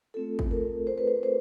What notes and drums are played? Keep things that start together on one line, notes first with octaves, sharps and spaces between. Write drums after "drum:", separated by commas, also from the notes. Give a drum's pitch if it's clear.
A3 C4 F4 A4
drum: kick
A#4
C5
B4
C5
C5